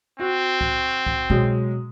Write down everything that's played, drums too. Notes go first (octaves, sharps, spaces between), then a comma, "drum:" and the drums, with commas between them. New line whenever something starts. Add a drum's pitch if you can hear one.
C4 F#4
drum: kick C2
drum: kick C2
B2 F#3 G#3, drum: kick C2